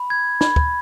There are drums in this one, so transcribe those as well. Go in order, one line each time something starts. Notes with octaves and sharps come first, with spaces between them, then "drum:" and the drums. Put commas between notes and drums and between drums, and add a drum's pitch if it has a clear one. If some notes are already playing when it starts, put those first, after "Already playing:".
Already playing: B5
G#6
B5, drum: snare
drum: kick